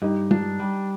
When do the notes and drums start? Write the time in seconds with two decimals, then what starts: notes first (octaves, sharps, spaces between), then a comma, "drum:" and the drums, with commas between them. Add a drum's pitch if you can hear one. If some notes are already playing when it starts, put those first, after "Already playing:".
0.02 G2 D#4 G4
0.31 D4, drum: tom
0.60 G3